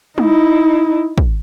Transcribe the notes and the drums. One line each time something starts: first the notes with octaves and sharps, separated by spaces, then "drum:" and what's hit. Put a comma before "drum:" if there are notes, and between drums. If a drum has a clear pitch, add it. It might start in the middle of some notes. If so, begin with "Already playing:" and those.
D#4 E4, drum: tom
drum: kick